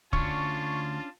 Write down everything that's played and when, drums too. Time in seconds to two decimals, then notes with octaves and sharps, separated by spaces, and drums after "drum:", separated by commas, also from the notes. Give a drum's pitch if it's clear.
0.13 D2 C#4 D4 F4 A5 C#6, drum: kick